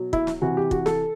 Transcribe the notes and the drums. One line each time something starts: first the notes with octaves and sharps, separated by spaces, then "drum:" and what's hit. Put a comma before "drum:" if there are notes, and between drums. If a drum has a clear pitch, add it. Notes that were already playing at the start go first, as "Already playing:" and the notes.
Already playing: B2 F#3
E4, drum: kick
drum: snare
C3 E3 F#4
G4
F#4, drum: kick
A4, drum: snare